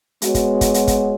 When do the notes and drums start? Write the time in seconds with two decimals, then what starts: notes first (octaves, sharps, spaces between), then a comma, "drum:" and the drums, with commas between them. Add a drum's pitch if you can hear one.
0.22 G#3 B3 F#4 C#5, drum: hi-hat
0.34 drum: kick, hi-hat
0.61 drum: kick, hi-hat
0.74 drum: hi-hat
0.87 drum: kick, hi-hat